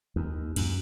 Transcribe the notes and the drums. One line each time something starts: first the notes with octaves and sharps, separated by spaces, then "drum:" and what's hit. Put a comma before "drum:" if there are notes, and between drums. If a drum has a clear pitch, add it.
D#2
F#2, drum: cymbal